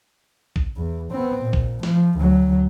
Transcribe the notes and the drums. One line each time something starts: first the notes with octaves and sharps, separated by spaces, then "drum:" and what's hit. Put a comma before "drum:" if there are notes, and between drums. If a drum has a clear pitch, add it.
drum: kick A#1
E2
B3 C4
A#2
drum: kick A#1
F3, drum: snare
D2 F#3